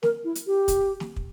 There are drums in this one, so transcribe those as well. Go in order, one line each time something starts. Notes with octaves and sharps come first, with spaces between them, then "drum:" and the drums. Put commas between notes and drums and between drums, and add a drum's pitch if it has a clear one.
A#4, drum: snare
E4
drum: hi-hat
G4
drum: kick, hi-hat
drum: snare
drum: kick